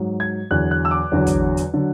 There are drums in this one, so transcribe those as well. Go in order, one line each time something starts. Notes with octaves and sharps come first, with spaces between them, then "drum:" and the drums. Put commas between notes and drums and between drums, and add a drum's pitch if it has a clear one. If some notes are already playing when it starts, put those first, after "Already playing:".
Already playing: G#2 F#3
G#6
E2 D3 F#3 F#6
F#6
E6
D6
E2 D3 F#3
drum: kick, hi-hat
drum: hi-hat
D3 F#3